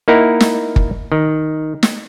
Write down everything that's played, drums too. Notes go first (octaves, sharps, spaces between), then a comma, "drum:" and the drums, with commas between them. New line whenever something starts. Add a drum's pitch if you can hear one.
A#3 D#4 E4 A#4 F#5
drum: snare
drum: kick
D#3
drum: snare